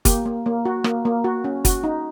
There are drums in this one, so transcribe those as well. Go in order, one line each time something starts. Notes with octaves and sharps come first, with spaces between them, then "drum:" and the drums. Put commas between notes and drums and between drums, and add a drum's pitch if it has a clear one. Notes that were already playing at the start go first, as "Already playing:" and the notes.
A#3 G4, drum: kick, hi-hat
A#3
A#3
F#4
A#3, drum: rim click
A#3
F#4
C#4
F#4, drum: kick, hi-hat
D#4